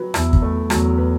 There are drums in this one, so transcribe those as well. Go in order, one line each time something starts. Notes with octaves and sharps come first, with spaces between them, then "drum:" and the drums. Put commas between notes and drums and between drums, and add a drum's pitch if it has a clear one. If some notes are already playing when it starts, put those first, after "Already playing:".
Already playing: F#3 B4
E2 E4, drum: rim click
drum: kick
A3
E2 F#3, drum: rim click
B4